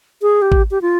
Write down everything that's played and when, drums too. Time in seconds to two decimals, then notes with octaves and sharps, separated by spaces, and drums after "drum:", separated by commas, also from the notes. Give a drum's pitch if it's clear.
0.22 G#4
0.42 G4
0.52 drum: kick G#1
0.71 G4
0.82 F4